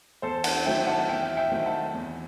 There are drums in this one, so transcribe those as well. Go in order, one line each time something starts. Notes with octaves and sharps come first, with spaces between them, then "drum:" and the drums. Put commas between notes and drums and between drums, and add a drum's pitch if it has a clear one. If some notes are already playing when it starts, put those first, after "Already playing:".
E2 A4 C5
F#5 A5, drum: cymbal
D#3 F#3 A3 C4 E5 G5
F#5 A5
E2 E5 G5
E5 G5
D#3 F#3 A3 C4
F#5 A5
E2